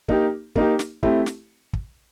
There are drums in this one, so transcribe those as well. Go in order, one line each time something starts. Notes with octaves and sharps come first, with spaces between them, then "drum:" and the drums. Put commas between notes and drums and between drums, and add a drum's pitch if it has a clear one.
A#3 D#4 G4, drum: kick
A#3 D#4 G4, drum: kick
drum: snare
A3 C4 E4 G4, drum: kick
drum: snare
drum: kick